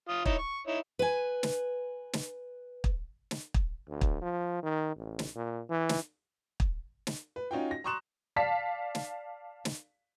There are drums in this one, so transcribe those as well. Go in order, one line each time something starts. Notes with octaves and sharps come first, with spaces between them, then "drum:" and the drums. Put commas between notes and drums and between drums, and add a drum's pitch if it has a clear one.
F4 D#6
D#4 E4 C#5, drum: kick
C#6
D#4 E4 C#5
B4 G#5
drum: snare
drum: snare
drum: kick
drum: snare
drum: kick
D2
drum: kick
F3
D#3
A1
drum: snare
A#2
E3
drum: snare
drum: kick
drum: snare
B4
C#4 D#4 F4 F#4 G5
A#6
A#5 C6 C#6 D#6 F#6 E7
D5 F5 A5 B6
drum: snare
drum: snare